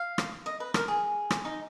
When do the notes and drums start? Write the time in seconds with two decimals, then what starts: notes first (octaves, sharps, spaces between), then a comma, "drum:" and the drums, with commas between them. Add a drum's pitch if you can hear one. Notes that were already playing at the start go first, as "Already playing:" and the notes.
Already playing: F5
0.18 drum: rim click
0.46 D#5
0.60 B4
0.74 A#4, drum: rim click
0.88 G#4
1.30 drum: rim click
1.45 D#4